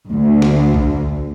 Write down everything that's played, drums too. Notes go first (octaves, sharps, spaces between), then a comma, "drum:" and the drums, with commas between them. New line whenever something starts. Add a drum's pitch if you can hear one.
D2
drum: snare
drum: kick